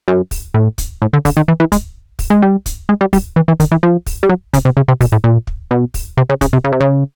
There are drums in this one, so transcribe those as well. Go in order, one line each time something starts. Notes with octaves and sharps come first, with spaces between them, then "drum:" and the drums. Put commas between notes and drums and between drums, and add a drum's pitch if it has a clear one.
F#2
drum: kick, open hi-hat
A2
drum: kick, hi-hat
A2
D3
D3, drum: kick, open hi-hat
D#3
E3
E3
G#3, drum: kick, hi-hat
drum: kick, open hi-hat
G#3
G3
drum: kick, hi-hat
G#3
G3
G3, drum: kick, open hi-hat
E3
E3
D#3, drum: kick, hi-hat
E3
F3
drum: kick, open hi-hat
G3
F#3
C#3, drum: kick, hi-hat
C3
C#3
C3
B2, drum: kick, open hi-hat
A2
A#2
drum: kick
B2
drum: kick, open hi-hat
C3
C#3
C#3, drum: kick, hi-hat
C3
C#3
C3
C#3